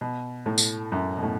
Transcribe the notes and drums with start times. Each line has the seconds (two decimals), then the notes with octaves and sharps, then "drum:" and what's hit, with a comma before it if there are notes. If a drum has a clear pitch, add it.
0.01 B2
0.46 A2
0.58 drum: tambourine
0.92 F#2
1.18 B2
1.23 A2